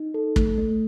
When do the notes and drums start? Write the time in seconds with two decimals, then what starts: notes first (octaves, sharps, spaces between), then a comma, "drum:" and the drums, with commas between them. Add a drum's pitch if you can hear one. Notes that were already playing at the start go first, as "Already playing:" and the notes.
Already playing: D#4
0.14 A4
0.36 A3, drum: kick
0.58 A3